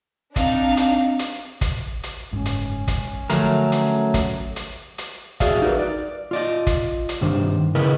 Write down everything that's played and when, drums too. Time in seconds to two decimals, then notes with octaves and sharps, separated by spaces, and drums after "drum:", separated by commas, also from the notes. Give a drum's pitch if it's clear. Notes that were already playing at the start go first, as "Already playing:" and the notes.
0.36 C4 D4 D#4 F5, drum: kick, hi-hat
0.77 drum: hi-hat
1.19 drum: hi-hat
1.61 drum: kick, hi-hat
2.03 drum: hi-hat
2.33 F#1 G#2 C#4
2.46 drum: hi-hat
2.88 drum: kick, hi-hat
3.30 D3 F3 F#3 A3 A#4, drum: hi-hat
3.72 drum: hi-hat
4.14 drum: kick, hi-hat
4.56 drum: hi-hat
4.98 drum: hi-hat
5.40 F#4 G#4 D5 E5 F5, drum: kick, hi-hat
5.62 D#4 F#4 G4 A#4 B4
5.79 D5
6.31 F4 D5 D#5
6.67 drum: kick, hi-hat
7.09 drum: hi-hat
7.21 C2 G2 D#3 D4 C5
7.75 C#3 E4 A#4 B4 D#5 B5